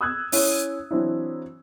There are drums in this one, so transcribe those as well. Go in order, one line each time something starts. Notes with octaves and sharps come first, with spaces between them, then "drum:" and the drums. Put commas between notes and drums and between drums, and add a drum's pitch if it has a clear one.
D#6 E6 F#6 G#6
C#4 E4 C#5, drum: open hi-hat
E3 F#3 C4 D4 E4